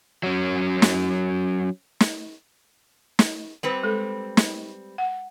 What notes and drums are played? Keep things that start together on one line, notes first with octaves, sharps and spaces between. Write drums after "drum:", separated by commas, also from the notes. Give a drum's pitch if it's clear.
F#3 C#4
drum: snare
drum: snare
drum: snare
G3 C4 B4
G#3 A4
drum: snare
F#5